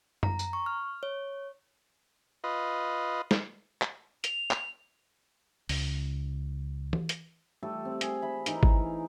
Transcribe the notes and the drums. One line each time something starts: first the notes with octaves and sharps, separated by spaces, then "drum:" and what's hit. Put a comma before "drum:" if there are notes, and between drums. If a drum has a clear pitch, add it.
A#5, drum: tom F#2
A#5, drum: tambourine
C#6
F6
C#5
F4 B4 D#5
drum: snare
drum: clap
F7, drum: hi-hat
drum: clap
C#2, drum: open hi-hat
drum: tom E3
drum: hi-hat
G3 A3 A4
C4
G#4, drum: hi-hat
E5 B5
E3 D#4 A#4, drum: hi-hat
drum: kick G#1